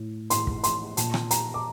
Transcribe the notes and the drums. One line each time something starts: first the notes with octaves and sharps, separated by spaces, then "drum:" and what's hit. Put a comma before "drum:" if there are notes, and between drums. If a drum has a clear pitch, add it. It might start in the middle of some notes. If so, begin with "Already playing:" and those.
Already playing: A2
A2 C6, drum: hi-hat
drum: kick
C6, drum: hi-hat
A#2 A5, drum: hi-hat
drum: rim click
A#5, drum: hi-hat
D6